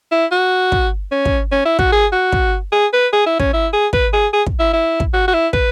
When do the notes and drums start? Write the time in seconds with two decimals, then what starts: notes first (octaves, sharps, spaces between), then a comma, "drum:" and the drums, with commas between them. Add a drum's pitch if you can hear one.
0.12 E4
0.32 F#4
0.72 drum: kick
1.12 C#4
1.25 drum: kick
1.52 C#4
1.66 E4
1.79 F#4, drum: kick
1.92 G#4
2.12 F#4
2.32 drum: kick
2.72 G#4
2.93 B4
3.13 G#4
3.26 E4
3.40 C#4, drum: kick
3.53 E4
3.73 G#4
3.93 B4, drum: kick
4.13 G#4
4.33 G#4
4.46 drum: kick
4.60 E4
4.73 E4
5.00 drum: kick
5.14 F#4
5.28 F#4
5.34 E4
5.53 B4, drum: kick